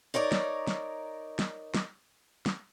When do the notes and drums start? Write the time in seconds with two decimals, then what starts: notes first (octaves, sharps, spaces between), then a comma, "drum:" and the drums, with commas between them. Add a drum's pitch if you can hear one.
0.14 D#4 A#4 C#5 D5
0.32 drum: snare
0.67 drum: snare
1.39 drum: snare
1.74 drum: snare
2.46 drum: snare